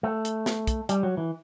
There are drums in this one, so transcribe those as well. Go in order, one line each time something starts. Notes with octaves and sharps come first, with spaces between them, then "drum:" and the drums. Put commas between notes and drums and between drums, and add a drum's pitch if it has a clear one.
A3
drum: hi-hat
drum: snare
drum: kick, hi-hat
G3, drum: hi-hat
F#3
E3